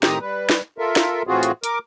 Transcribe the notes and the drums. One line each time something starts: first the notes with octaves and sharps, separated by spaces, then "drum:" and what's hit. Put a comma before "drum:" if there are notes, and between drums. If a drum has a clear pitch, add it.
A2 D#3 C4 G4 A#5 D#6, drum: snare
G3 B4
drum: snare
F4 A4 A#4 E5
drum: snare
A2 E3 C4 F4 F#4 G#4
drum: hi-hat
A#4 D6, drum: hi-hat